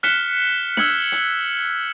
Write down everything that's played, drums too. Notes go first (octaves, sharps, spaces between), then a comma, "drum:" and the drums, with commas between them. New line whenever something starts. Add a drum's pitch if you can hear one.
F6 F#6 B6 C#7 E7 G7, drum: hi-hat
E6 F6 G#6 C#7 F#7, drum: snare D4
drum: hi-hat